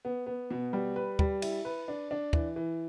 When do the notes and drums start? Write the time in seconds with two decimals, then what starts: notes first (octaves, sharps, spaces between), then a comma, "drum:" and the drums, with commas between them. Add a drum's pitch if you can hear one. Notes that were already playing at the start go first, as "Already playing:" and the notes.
0.05 B3
0.26 B3
0.51 B2
0.73 G3
0.96 B4
1.19 G3, drum: kick
1.42 E4, drum: cymbal
1.65 B4
1.88 D4
2.11 D4
2.33 E3, drum: kick
2.56 E3